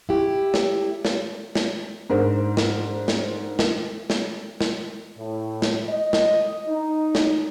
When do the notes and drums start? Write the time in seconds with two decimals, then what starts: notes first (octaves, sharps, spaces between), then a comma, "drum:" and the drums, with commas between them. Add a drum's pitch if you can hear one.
0.09 E4 G4
0.54 drum: snare
1.05 drum: snare
1.55 drum: snare
2.10 G#2 D4 A#4 C5
2.57 drum: snare
3.08 drum: snare
3.59 drum: snare
4.10 drum: snare
4.61 drum: snare
5.17 A2
5.62 drum: snare
5.88 D#5
6.13 drum: snare
6.67 D#4
7.15 drum: snare